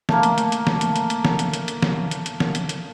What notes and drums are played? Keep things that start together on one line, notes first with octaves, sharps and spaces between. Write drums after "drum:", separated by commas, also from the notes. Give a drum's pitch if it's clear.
A3 A#3, drum: snare
drum: hi-hat
drum: hi-hat
drum: hi-hat
drum: snare
drum: hi-hat
drum: hi-hat
drum: hi-hat
drum: snare
drum: hi-hat
drum: hi-hat
drum: hi-hat
drum: snare
drum: hi-hat
drum: hi-hat
drum: snare
drum: hi-hat
drum: hi-hat